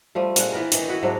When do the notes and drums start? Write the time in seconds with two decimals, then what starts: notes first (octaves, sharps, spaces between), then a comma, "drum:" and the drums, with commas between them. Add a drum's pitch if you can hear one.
0.15 F3 G3 A3
0.36 A#2 G#3 F#5, drum: hi-hat
0.52 E3 B3 A#4
0.72 D#3 E3 D#4, drum: hi-hat
0.88 E4 F#4 B4 D#5
1.03 G#2 C3 F#3 D4